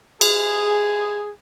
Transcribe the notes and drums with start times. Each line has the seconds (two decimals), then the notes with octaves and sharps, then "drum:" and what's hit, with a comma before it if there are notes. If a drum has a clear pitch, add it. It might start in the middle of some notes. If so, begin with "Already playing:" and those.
0.21 G#4, drum: cymbal